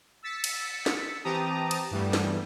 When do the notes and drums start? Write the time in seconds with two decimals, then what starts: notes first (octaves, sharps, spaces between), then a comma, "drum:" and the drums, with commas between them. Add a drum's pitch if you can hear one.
0.23 E6 A6 B6 C#7
0.44 drum: cymbal
0.86 drum: snare
1.24 E3 C4 G4 A5 A#5 D#6
1.71 drum: cymbal
1.91 G2 E3 G3 A3 B3
2.13 drum: snare